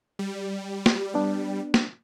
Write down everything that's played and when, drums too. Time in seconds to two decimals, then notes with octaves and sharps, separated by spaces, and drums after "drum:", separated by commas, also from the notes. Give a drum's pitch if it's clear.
0.19 G3
0.86 drum: snare
1.14 B3 D4
1.74 drum: snare